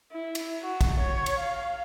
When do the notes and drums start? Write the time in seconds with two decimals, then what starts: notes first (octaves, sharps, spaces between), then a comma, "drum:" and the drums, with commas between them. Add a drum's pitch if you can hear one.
0.12 E4
0.35 drum: cymbal
0.63 F#4
0.81 drum: kick, cymbal
1.00 C#5
1.26 drum: cymbal
1.39 F5